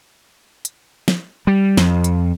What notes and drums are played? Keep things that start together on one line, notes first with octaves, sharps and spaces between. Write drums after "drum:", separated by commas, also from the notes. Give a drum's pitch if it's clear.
drum: hi-hat
drum: snare
G3
F2, drum: snare
drum: hi-hat